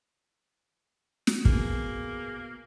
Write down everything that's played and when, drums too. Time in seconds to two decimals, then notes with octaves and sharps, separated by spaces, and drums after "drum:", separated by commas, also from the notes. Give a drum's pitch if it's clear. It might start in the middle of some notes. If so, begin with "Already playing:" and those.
1.27 drum: snare
1.45 B2 A#3 G#4, drum: kick